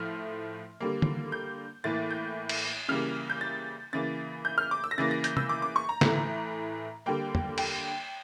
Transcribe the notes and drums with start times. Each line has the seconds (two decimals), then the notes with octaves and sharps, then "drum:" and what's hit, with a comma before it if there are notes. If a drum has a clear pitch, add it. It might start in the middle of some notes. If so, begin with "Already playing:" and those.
Already playing: A2 F3 A3 F6
0.80 D3 G3 A#3
1.02 drum: tom
1.32 G6
1.84 A2 E3 A#3 A6
2.11 G6
2.49 drum: cymbal
2.89 C#3 E3 G3 A#3 F6
3.30 G6
3.41 A6
3.93 C#3 E3 A#3 A6
4.45 G6
4.58 F6
4.71 D6
4.84 E6
4.91 A#6
4.98 C#3 E3 A#3 A6
5.11 A#6
5.24 G6, drum: hi-hat
5.37 E6, drum: tom
5.49 D6
5.62 D6
5.76 C#6
5.89 A#5
6.01 A2 E3 A3, drum: snare
7.06 D3 G3 A#3 G5
7.35 drum: tom
7.58 G5, drum: cymbal